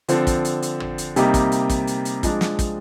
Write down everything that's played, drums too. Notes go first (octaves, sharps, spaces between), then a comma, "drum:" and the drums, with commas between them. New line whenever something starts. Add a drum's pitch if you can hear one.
D3 F3 C4, drum: hi-hat
drum: kick, hi-hat
drum: hi-hat
drum: hi-hat
drum: tom G#1
drum: hi-hat
C3 G3 A#3 D#4 G4, drum: hi-hat
drum: kick, hi-hat
drum: hi-hat
drum: kick, hi-hat
drum: hi-hat
drum: hi-hat
F3 G#3 D4, drum: kick, hi-hat
drum: snare
drum: kick, hi-hat